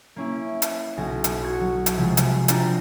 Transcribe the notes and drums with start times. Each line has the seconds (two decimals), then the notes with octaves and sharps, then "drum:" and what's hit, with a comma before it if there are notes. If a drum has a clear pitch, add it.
0.16 A#3 C#4 E4
0.62 drum: hi-hat
0.97 B1 G#5 A#6
1.24 drum: hi-hat
1.42 F#4 G#6 C#7
1.60 F#3
1.86 drum: hi-hat
1.97 C3 F3 F#3 G#3
2.17 drum: hi-hat
2.48 C4 D4 F4 G5 A#5, drum: hi-hat